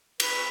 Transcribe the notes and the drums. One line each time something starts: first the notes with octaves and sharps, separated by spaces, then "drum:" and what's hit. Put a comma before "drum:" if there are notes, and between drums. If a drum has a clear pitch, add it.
B4, drum: cymbal